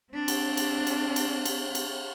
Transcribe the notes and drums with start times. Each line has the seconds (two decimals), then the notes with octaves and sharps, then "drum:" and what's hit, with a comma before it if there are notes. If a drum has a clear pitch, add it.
0.13 C4 D4
0.28 drum: cymbal
0.57 drum: cymbal
0.87 drum: cymbal
1.16 drum: cymbal
1.45 drum: cymbal
1.75 drum: cymbal